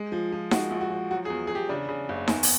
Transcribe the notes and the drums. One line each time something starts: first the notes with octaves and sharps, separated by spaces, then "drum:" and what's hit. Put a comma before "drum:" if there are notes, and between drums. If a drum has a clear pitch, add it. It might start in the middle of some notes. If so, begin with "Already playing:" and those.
Already playing: G#3
F3
F3
G#3 F#4, drum: snare D#4
A#1
F#4
F3
F#3 F#4
G#4
E2
G#4
E2 G4
C#3 D4
C#3
F#1
E2, drum: snare D#4
drum: open hi-hat